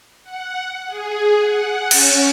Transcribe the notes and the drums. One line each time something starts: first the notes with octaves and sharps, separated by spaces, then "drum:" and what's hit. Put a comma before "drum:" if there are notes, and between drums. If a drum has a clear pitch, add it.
F#5
G#4
F#5
C#4, drum: cymbal